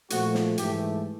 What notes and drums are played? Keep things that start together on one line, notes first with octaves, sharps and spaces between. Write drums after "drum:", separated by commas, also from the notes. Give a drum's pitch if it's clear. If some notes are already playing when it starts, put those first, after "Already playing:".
A#2 F3 A3 F#4, drum: hi-hat
drum: snare
G#2 E3 A3 G4, drum: hi-hat